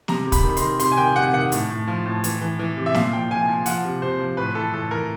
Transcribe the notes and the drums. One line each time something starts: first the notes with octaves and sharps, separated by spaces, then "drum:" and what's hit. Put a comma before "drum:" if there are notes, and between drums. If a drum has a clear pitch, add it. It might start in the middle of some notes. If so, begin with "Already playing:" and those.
C3 A#5, drum: snare
C3
B5, drum: kick, hi-hat
D#3
B5
D#3 C6, drum: hi-hat
C3 C6, drum: hi-hat
G#5
D#3 G5
C3 F#5
D#3 F#5
A2, drum: hi-hat
A2
F3
A2
E3, drum: hi-hat
E3
E3
C3
E5
A#2 F5, drum: snare
F3 G5
F3 G#5
F3
F3 F#5, drum: hi-hat
C3
C3 C5
F3
A2 B4
E3 A4
A2 A4
E3 A#4